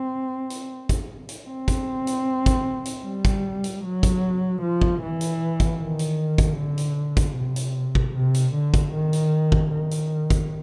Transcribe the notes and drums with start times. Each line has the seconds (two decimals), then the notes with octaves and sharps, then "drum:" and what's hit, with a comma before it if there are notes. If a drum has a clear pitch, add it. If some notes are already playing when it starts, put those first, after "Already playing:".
Already playing: C4
0.50 drum: hi-hat
0.89 drum: kick, hi-hat
1.29 drum: hi-hat
1.48 C4
1.68 drum: kick, hi-hat
2.07 drum: hi-hat
2.46 drum: kick, hi-hat
2.85 drum: hi-hat
3.04 G3
3.25 drum: kick, hi-hat
3.64 drum: hi-hat
3.84 F#3
4.03 drum: kick, hi-hat
4.62 F3
4.82 drum: kick
5.02 E3
5.21 drum: hi-hat
5.60 drum: kick, hi-hat
5.79 D#3
5.99 drum: hi-hat
6.38 drum: kick, hi-hat
6.58 D3
6.78 drum: hi-hat
7.17 drum: kick, hi-hat
7.36 C3
7.56 drum: hi-hat
7.95 drum: kick
8.15 C3
8.34 drum: hi-hat
8.54 D3
8.74 drum: kick, hi-hat
8.93 D#3
9.13 drum: hi-hat
9.52 drum: kick
9.71 D#3
9.91 drum: hi-hat
10.30 drum: kick, hi-hat